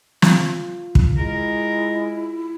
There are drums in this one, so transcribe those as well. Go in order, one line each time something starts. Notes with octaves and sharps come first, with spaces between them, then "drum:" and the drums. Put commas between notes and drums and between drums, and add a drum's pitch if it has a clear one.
F4, drum: snare
drum: kick
G#3 E4 A#4